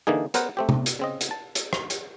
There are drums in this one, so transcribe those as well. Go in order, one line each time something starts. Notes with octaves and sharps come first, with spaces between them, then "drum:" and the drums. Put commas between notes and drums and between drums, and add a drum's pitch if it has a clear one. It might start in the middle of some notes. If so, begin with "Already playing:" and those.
D3 E3 A#3 D#4 G#4
B3 A#4 C5 F#5, drum: hi-hat
A3 C4 G4
drum: tom C3
drum: hi-hat
C#3 C4 D#5
drum: hi-hat
A5
drum: hi-hat
drum: rim click
drum: hi-hat